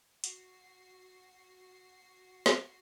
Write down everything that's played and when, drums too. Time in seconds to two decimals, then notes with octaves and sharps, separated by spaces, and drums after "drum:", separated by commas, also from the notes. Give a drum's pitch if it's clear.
0.24 F#4 C7, drum: hi-hat
2.46 drum: snare